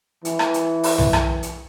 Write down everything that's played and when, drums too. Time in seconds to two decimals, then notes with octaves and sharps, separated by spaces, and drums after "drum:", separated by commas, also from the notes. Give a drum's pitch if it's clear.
0.25 E3, drum: hi-hat
0.39 drum: rim click
0.54 drum: hi-hat
0.84 drum: open hi-hat
0.98 drum: tom B1
1.13 drum: rim click
1.43 drum: hi-hat